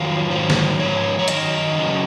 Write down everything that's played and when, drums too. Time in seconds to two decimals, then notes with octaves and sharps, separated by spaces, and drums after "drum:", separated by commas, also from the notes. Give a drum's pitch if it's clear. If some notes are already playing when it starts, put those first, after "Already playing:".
Already playing: F2 D#3 F#3 F4
0.30 G#2 D#3 F#3 C5
0.50 drum: snare
0.79 G#2 F3 C#5
1.19 C#5
1.28 F#2 D#3 F#3 D#5, drum: hi-hat
1.77 F#2 C#3 F#3